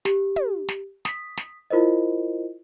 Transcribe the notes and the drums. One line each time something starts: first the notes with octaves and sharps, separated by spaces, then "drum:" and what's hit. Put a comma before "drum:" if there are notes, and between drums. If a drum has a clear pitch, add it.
G4, drum: snare
drum: tom
drum: snare
D#6 B6, drum: snare
drum: snare
E4 F4 A#4 C5 D#5